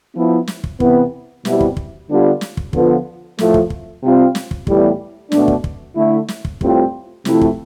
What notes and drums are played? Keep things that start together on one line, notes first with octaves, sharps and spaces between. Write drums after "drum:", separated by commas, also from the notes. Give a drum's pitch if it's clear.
F3 B3 E4
drum: snare
drum: kick
C3 E3 B3, drum: kick
B2 G3 C4 E4, drum: snare
drum: kick
drum: kick
D3 G3 B3 D4 F4
drum: snare
drum: kick
D3 F3 B3 F4, drum: kick
A2 F3 A3, drum: snare
drum: kick
drum: kick
C3 G3 C4 F4
drum: snare
drum: kick
A2 E3 G3 B3, drum: kick
B2 A3 D4, drum: snare
drum: kick
drum: kick
D3 A3 E4
drum: snare
drum: kick
A2 G3 C4 F4, drum: kick
C3 F3 A3 E4, drum: snare
drum: kick